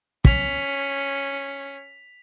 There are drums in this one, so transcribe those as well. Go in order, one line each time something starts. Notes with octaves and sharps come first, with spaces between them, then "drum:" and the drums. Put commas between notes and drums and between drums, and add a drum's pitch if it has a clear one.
C#4 B6 F7, drum: kick